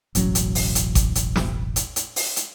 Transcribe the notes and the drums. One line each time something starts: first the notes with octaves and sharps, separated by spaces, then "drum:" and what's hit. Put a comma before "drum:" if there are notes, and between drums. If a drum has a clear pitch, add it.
E1 A1 F#3 C#4, drum: hi-hat
drum: hi-hat
drum: open hi-hat
drum: hi-hat
drum: kick G#1, hi-hat
drum: hi-hat
drum: snare
drum: hi-hat
drum: hi-hat
drum: open hi-hat
drum: hi-hat